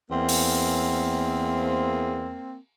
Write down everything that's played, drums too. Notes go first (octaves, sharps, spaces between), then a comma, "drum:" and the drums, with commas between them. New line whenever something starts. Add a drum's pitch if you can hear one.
E2 A#3 C4
drum: open hi-hat